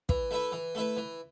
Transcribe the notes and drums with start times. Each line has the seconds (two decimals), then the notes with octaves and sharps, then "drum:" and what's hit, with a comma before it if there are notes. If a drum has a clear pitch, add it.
0.09 E3, drum: kick
0.31 A3 E4 B4
0.52 E3
0.75 A3 E4 B4
0.97 E3